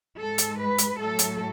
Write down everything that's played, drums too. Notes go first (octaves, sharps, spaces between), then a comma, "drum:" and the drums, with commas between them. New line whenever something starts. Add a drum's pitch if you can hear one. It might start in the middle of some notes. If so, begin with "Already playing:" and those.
G#2 G#3 A4
drum: hi-hat
B4
drum: hi-hat
A2 F#3 A3 A4
drum: hi-hat